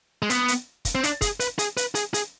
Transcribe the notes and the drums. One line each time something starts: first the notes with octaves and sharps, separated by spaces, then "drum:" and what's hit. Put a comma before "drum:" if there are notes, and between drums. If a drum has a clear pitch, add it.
G#3
B3, drum: hi-hat
drum: hi-hat
drum: kick, hi-hat
C4
D4, drum: hi-hat
G#4, drum: kick, hi-hat
B4, drum: hi-hat
G#4, drum: hi-hat
B4, drum: hi-hat
G#4, drum: hi-hat
G#4, drum: hi-hat